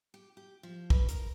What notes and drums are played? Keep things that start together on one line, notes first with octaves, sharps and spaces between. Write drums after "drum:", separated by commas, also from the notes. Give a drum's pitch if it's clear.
G4
G4
F3
B4, drum: kick
A#4, drum: hi-hat